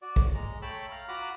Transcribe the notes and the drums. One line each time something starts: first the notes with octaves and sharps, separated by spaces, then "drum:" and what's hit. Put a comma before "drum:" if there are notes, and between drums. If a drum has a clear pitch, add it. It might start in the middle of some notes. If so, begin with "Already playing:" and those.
F#4 D5
drum: kick
G#3 A#5
A3 C#5 G5 A5 B5 E6
F5 A#5
F4 F#4 F#5 A#5 B5 D6